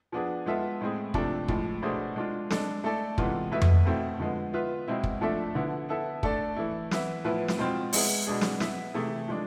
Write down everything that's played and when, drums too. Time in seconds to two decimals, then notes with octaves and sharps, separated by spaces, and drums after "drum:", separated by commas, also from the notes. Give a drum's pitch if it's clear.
0.12 F3 B3 D4 G#4
0.46 G#3 B3 F4 A4 E5
0.81 A2 G#3 C4 G#4
1.14 C3 F3 A3 D4, drum: kick
1.48 A2 F3 G#3, drum: kick
1.82 B2 A3 D4 G#4 C5
2.16 G#3 D4 F4
2.50 G#3 D4 A4, drum: snare
2.84 A3 E4 A4 D5
3.18 C3 E3 G#3 B3 F4, drum: kick
3.52 B2 A3 E4 B4 E5
3.62 drum: tom F2
3.86 B2 A3 C4 E4
4.19 D3 F3 G#3 B3
4.53 B3 F4 B4 E5
4.87 B2 G#3 C4 E4
5.04 drum: kick
5.21 F3 A3 D4 A4 E5
5.55 D3 F3 B3 E4
5.89 B3 E4 A4 E5
6.23 A3 D4 A4 D5, drum: kick
6.56 E3 A3 E4
6.91 E3 B3 E4 B4 E5, drum: snare
7.25 A2 F3 B3 E4 B4
7.48 drum: snare
7.59 B2 G#3 C4 F4
7.93 G#3 B3 E4 G#4, drum: open hi-hat
8.27 B2 G#3 D4 G#4
8.41 drum: snare
8.60 B3 E4 B4 E5, drum: snare
8.94 C3 E3 A3 E4 G#4
9.28 F3 G#3 D4